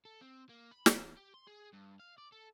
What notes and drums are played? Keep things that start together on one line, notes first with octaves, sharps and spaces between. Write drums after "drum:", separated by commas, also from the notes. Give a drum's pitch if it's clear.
A4
C4
A#3
B5
E2, drum: snare
G4
C6
G#4
G2
F5
D5
A4